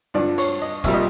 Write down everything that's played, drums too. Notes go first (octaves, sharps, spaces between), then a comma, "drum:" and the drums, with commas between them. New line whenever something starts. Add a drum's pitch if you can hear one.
G2 D3 F3 D5
C#5, drum: open hi-hat
D#5
C2 A#2 G3 E5, drum: kick, hi-hat
D#5